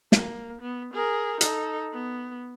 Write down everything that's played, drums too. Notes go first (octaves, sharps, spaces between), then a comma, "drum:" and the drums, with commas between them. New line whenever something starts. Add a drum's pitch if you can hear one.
A#3, drum: snare
B3
G#4 A#4
D#4 A4, drum: hi-hat
B3